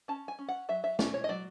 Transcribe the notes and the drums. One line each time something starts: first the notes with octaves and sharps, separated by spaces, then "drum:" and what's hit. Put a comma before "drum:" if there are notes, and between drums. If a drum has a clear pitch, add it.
C#4 A5
G#5
C#4
F#5
F#3 E5
E5
C#4 D5, drum: snare
C#5
D#5
F#3 D5